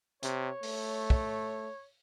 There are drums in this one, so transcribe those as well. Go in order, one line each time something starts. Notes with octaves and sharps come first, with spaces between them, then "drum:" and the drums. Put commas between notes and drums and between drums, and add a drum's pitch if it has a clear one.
C3 C#5, drum: hi-hat
A3, drum: open hi-hat
drum: kick